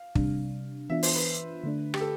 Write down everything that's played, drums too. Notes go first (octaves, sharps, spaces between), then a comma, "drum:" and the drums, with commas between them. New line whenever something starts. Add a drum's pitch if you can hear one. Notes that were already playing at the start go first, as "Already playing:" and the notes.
Already playing: F5
C3 G3 D4, drum: kick
E3 B3 D4 F4 E5
C5, drum: open hi-hat
B4
D3 A3 D4
G4, drum: rim click
A4